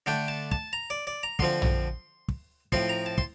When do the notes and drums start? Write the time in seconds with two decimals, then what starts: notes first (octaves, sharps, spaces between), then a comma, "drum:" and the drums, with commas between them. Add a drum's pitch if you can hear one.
0.06 D3 A3 D4 G5
0.28 A5
0.52 A5, drum: kick
0.73 A#5
0.90 D5
1.07 D5
1.23 A#5
1.39 D3 F3 C4 C6, drum: kick
1.62 drum: tom A#1
2.28 drum: kick
2.72 A2 F3 C4 C6, drum: kick
2.89 A#5
3.06 A5
3.18 C6, drum: kick